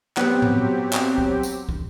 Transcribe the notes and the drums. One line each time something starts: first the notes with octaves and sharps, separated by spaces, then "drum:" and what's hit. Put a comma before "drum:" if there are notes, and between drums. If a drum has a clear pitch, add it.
F#3 B3 C4 G4, drum: clap
drum: tom G#2
drum: clap
drum: kick
drum: tambourine
drum: kick